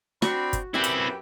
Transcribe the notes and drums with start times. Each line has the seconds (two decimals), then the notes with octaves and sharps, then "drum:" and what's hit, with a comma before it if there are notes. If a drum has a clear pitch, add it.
0.22 C4 D4 F#4 B5 C#6, drum: snare
0.53 drum: kick G1, hi-hat
0.74 F#2 C4 E4 G4 B4 E5 G#5
0.84 drum: hi-hat